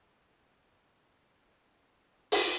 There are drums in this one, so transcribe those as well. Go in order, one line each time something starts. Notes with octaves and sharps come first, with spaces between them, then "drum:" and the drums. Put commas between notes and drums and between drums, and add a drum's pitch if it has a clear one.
F#2 C3 F#3 G#3 G#5
drum: open hi-hat